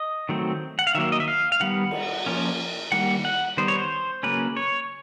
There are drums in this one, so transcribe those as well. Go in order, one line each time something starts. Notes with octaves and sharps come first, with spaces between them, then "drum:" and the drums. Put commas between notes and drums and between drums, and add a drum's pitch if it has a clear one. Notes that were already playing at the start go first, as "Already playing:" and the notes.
Already playing: D#5
D#3 F#3 A3 C4
F#5
F5
D#3 F#3 A#3 E5
D#5
E5
F5
F5
D#3 G3 B3 F#5
drum: cymbal
F3 A#3 C#4
D#3 G3 A#3 F#5
F#5
D#3 G3 B3 C5
C#5
C5
C#3 F#3 A#3 C#4 B4
C#5